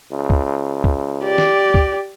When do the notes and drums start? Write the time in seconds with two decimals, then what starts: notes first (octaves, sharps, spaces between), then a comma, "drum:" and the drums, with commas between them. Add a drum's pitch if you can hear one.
0.12 C#2
0.30 drum: kick
0.84 drum: kick
1.23 G4 D5
1.38 drum: snare
1.74 drum: kick